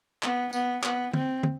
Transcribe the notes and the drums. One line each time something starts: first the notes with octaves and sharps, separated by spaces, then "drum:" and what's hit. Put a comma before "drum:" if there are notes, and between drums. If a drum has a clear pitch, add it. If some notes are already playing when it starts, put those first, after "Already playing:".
B3, drum: clap
B3, drum: tambourine
B3, drum: clap
C4, drum: tom
drum: tom